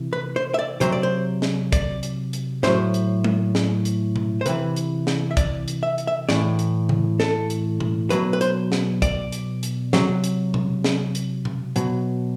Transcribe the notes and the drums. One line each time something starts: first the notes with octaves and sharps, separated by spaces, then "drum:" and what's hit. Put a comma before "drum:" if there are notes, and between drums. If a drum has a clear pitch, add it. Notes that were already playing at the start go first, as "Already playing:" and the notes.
Already playing: C3 E3
B4
C5
E5
D5
C3 F#3 C5, drum: hi-hat
D5
C5
drum: snare
D5, drum: kick, hi-hat
drum: hi-hat
drum: hi-hat
A2 F#3 C5, drum: snare
drum: hi-hat
drum: tom G#3
drum: snare
drum: hi-hat
drum: tom B2
C5
C3 E3 B4, drum: hi-hat
drum: hi-hat
drum: snare
E5
D5, drum: kick, hi-hat
drum: hi-hat
E5
drum: hi-hat
E5
A2 E3 D5, drum: snare
drum: hi-hat
drum: tom C#3
A4, drum: snare
drum: hi-hat
drum: tom B2
B2 F#3 B4, drum: hi-hat
B4
C5, drum: hi-hat
drum: snare
D5, drum: kick, hi-hat
drum: hi-hat
drum: hi-hat
C3 F#3, drum: snare
drum: hi-hat
drum: tom B2
drum: snare
drum: hi-hat
drum: tom B2
B2 F#3, drum: hi-hat